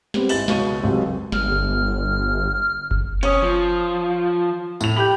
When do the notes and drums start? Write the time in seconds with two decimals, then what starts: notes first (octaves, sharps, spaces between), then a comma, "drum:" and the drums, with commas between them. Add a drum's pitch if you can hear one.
0.14 G3 B3 C4, drum: snare
0.29 G#1 G#3 E4 A6 F#7 G7, drum: open hi-hat
0.48 C#2 B2 C#6 D#7, drum: snare
0.80 F#1 C#2 C3 F#3 A3
1.32 G1 F6, drum: snare
2.91 drum: kick F#1
3.23 C#4 C#5 D#6, drum: hi-hat
3.43 F3
4.81 A2 F7, drum: tambourine
4.97 G4 B5 G6